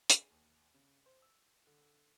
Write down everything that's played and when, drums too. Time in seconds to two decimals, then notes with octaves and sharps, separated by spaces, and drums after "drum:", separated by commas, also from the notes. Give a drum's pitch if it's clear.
0.10 G#4, drum: hi-hat
0.30 D#2
0.74 C#3
1.06 C5
1.22 E6
1.67 D3